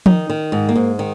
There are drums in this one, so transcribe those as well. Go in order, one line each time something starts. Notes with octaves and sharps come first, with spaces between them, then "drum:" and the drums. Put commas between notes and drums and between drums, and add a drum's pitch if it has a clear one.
D#3 D#4, drum: tom F3
D#3
G#2
A#3
G#2
D#3